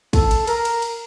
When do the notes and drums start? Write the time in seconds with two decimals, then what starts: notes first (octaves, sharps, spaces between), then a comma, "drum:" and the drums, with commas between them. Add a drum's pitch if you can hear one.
0.13 A4, drum: kick, cymbal
0.31 drum: cymbal
0.47 A#4, drum: cymbal
0.65 drum: cymbal
0.82 drum: cymbal